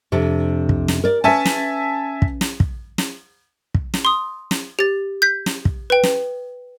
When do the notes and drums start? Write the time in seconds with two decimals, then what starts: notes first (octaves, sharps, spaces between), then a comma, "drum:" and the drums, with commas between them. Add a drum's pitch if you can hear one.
0.12 F2 C3 D4
0.69 drum: kick
0.88 drum: snare
1.04 A#4 D5
1.24 C#4 B4 E5 G#5 A5
1.46 drum: snare
2.22 drum: kick
2.41 drum: snare
2.60 drum: kick
2.98 drum: snare
3.74 drum: kick
3.94 drum: snare
4.05 C6 D#6
4.51 drum: snare
4.79 G4 A6
5.22 G6 B6
5.46 drum: snare
5.65 drum: kick
5.90 B4 G5
6.03 drum: snare